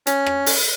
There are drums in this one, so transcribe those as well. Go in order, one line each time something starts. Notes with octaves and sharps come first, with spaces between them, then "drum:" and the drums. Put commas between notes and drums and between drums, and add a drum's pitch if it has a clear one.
C#4, drum: hi-hat
drum: rim click
drum: open hi-hat